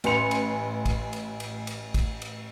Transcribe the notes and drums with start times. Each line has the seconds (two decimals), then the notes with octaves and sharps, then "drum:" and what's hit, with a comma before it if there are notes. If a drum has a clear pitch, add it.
0.04 A1 B4 G#5 C6 C#7 F7, drum: cymbal
0.31 drum: cymbal
0.86 drum: kick, cymbal
1.13 drum: cymbal
1.40 drum: cymbal
1.67 drum: cymbal
1.94 drum: kick, cymbal
2.22 drum: cymbal